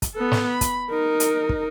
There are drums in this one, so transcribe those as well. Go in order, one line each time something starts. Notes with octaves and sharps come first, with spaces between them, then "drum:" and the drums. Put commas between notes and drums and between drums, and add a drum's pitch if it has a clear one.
drum: kick, hi-hat
B3 A4
drum: snare
B5
drum: kick, hi-hat
D#4 A#4
drum: hi-hat
drum: kick